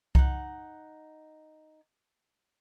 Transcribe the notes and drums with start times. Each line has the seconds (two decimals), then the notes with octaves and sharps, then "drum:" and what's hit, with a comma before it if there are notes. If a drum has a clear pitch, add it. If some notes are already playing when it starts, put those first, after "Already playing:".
0.15 D#4 F#5, drum: kick C2